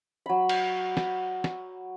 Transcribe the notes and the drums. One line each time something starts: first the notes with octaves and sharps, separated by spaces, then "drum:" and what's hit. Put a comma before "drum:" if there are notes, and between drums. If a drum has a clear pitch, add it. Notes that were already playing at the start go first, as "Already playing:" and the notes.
F#3 B5
drum: cymbal
drum: snare
drum: snare